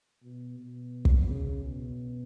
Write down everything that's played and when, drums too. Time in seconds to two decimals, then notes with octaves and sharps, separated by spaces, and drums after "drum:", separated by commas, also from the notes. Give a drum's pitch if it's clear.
0.24 B2
0.59 B2
1.05 drum: kick
1.29 C#3
1.65 B2